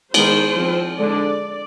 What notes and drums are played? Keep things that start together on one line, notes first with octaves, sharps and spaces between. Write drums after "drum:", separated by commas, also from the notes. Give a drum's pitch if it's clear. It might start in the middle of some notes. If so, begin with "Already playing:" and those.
D#3 G#3 B3 C5, drum: cymbal
F3 C4
D3 G#3 D4 D5